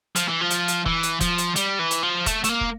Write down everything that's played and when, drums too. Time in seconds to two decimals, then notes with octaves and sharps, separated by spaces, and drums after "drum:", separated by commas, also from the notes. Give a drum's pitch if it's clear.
0.16 F3, drum: hi-hat
0.28 E3
0.41 F3
0.51 drum: hi-hat
0.68 drum: hi-hat
0.86 E3, drum: kick
1.03 drum: hi-hat
1.21 F3, drum: kick, hi-hat
1.38 drum: hi-hat
1.56 G3, drum: hi-hat
1.79 E3
1.91 drum: hi-hat
2.03 F3
2.26 A3, drum: kick, hi-hat
2.44 A3, drum: hi-hat
2.49 A#3
2.61 drum: kick